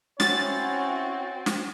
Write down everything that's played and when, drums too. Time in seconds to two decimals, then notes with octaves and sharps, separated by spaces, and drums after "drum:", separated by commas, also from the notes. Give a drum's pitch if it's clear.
0.20 C4 C#4 E4 F#4 C#5 A6, drum: snare
1.46 drum: snare